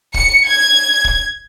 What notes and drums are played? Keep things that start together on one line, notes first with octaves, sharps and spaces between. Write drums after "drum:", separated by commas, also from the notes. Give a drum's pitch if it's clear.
C#7, drum: kick
G#6
drum: kick